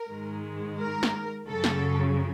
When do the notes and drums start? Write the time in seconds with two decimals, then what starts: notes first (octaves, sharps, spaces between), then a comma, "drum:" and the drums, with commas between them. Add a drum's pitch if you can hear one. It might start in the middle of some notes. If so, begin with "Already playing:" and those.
Already playing: A#4
0.10 G#2 D#3 G#3
0.80 A#4
1.03 drum: snare
1.47 F#2 C#3 F#3 A4
1.64 drum: snare